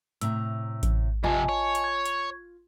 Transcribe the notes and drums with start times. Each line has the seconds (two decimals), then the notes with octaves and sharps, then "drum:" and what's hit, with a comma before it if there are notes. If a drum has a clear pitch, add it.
0.21 A2 C3 A#5 E6, drum: hi-hat
0.83 drum: kick A1, hi-hat
1.24 F2 C3 F4 D#5 G#5 A5
1.49 C#5
1.75 drum: hi-hat
1.84 C#6 G#6
2.06 drum: hi-hat